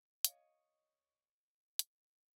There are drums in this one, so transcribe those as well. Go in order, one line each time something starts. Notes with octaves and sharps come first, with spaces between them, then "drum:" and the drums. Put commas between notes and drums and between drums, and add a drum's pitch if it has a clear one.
C#5 D#5 F5, drum: hi-hat
drum: hi-hat